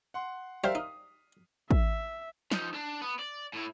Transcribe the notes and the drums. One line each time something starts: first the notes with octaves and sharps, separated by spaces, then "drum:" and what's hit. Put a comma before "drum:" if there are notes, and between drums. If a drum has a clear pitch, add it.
F#5 C6
G3 A#4 C5 E5 F5
D#4 D#6
E5, drum: kick
F3 D#4, drum: snare
D4
B3
D5
A2 E4